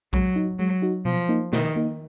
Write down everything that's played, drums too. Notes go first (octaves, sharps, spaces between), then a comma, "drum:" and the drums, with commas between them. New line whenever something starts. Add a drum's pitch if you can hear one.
F#3 G#3, drum: kick B1
D#4 F#4
F#3 G#3
D#4 F#4
B2 F3
A#3 D#4
B2 D#3, drum: snare
A#3 D#4